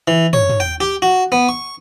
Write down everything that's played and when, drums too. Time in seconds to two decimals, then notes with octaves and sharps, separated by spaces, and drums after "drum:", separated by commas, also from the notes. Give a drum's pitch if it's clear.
0.08 E3
0.33 C#5, drum: tom
0.49 drum: tom
0.60 G5
0.80 G4
1.02 F#4
1.32 B3
1.49 C#6